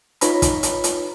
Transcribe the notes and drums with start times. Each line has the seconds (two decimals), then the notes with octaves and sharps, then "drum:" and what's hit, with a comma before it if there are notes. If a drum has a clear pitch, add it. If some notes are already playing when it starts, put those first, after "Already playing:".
0.21 D#4 F4 B4 C#5 A#5 B5, drum: hi-hat
0.42 drum: kick, hi-hat
0.63 drum: hi-hat
0.84 drum: hi-hat